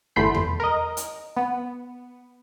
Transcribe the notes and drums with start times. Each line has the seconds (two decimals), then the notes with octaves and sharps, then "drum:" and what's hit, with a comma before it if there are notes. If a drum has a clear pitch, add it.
0.16 G1 E2 A3 B5 C6 G6
0.35 drum: tom E2
0.60 A#4 D#5
0.97 drum: hi-hat
1.37 B3